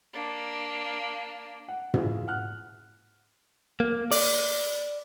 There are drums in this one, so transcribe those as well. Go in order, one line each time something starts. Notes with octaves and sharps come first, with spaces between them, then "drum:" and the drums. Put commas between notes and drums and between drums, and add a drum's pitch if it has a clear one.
A#3 D4
F#5
E4 F4 G#4, drum: tom
F#5 F6 F#6
A#3
D5, drum: open hi-hat